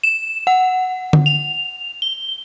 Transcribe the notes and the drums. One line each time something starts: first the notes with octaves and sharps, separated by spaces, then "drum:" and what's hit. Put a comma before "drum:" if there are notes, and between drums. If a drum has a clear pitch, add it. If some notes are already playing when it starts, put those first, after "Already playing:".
E7
F#5
drum: tom D3
F7
G7